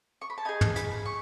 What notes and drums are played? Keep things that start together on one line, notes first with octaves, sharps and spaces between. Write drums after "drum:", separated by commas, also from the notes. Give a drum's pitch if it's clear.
C#6
B5
A5
D#4 G#4 G#5
drum: tom
B5, drum: hi-hat
C#6